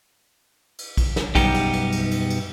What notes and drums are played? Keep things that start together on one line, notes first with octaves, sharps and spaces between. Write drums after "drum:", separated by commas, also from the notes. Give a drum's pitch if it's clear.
drum: cymbal
drum: kick, cymbal
drum: snare
B1 F#2 G3 B3 D#4 G4, drum: kick, cymbal
drum: cymbal
drum: cymbal
drum: cymbal
drum: cymbal
drum: cymbal